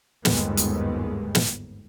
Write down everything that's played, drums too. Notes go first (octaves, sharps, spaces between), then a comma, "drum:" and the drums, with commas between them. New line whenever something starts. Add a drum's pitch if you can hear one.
G1 D#2 G#2 G#3 B3, drum: snare
drum: hi-hat
drum: snare